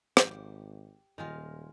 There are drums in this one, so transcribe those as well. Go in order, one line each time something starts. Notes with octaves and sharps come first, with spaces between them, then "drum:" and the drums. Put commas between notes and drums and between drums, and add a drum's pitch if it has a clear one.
G#1 G4, drum: rim click
D#1 D#3 G#3 F4